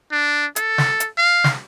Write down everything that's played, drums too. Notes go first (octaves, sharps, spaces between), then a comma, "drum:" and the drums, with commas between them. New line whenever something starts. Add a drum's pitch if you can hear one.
D4
A4, drum: hi-hat
drum: snare
drum: hi-hat
F5
drum: snare